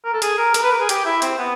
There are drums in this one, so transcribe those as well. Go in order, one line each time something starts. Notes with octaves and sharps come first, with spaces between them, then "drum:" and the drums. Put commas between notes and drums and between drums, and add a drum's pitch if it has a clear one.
A#4
A4
G#4, drum: hi-hat
A#4
A#4, drum: hi-hat
B4
A#4
G#4
G4, drum: hi-hat
E4
C4, drum: hi-hat
B3